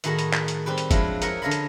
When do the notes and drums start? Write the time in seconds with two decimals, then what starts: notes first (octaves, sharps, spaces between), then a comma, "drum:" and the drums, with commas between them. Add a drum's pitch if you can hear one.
0.04 A2 D#3 F#4 G#4 A#5 B5, drum: hi-hat
0.19 drum: hi-hat
0.33 drum: clap
0.48 drum: hi-hat
0.66 G3 C4 G4 B4
0.78 drum: hi-hat
0.91 F3 F#3 G#3 D4 E4, drum: kick, hi-hat
1.22 A#4 C#5 D#5 E5 F#5, drum: hi-hat
1.42 D3 D4 C#5 D#5 F5 B5
1.51 drum: hi-hat